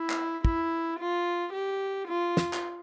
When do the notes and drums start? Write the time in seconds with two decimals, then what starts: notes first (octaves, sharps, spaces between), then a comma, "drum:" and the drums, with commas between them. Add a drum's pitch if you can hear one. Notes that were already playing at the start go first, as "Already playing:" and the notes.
Already playing: E4
0.10 drum: clap
0.45 E4, drum: kick
0.99 F4
1.53 G4
2.08 F4
2.37 drum: snare
2.53 drum: clap